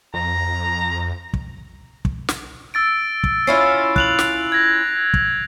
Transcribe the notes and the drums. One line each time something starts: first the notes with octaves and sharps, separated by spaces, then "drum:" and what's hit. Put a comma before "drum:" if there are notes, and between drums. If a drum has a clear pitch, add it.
F2 A#5
drum: kick
drum: kick
drum: snare
E6 A6 D7
drum: kick
C#4 E4 F4 C7
F#6 F7 F#7, drum: kick
drum: snare
G#6 A#6
drum: kick